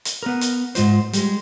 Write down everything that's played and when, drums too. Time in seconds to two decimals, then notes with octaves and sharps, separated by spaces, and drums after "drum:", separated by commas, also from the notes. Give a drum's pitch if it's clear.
0.05 drum: hi-hat
0.23 B3 A#4
0.41 drum: hi-hat
0.75 G#2 G#3 F4 C5, drum: hi-hat
1.13 G3 G#3, drum: hi-hat